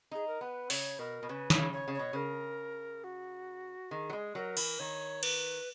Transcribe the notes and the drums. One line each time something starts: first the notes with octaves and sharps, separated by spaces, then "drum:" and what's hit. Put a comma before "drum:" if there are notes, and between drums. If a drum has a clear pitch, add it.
D#4 G#4
A#4
B3 B4
C#3 C#5, drum: open hi-hat
B2 A#4
B2
C#3 B4
C#5, drum: snare
C#3
C#5
C#3
C#5
B2
C#3 A#4
F#4
D#3 G#4
F#3
G#3
F#3 A#4
E3, drum: cymbal
D#3 C#5
B4, drum: cymbal